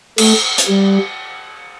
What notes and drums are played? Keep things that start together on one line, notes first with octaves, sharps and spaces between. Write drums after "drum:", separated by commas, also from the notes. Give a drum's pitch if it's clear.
A3, drum: cymbal
drum: hi-hat
G3